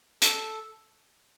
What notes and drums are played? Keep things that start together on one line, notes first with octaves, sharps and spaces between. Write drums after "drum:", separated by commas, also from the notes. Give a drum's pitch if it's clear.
A4, drum: hi-hat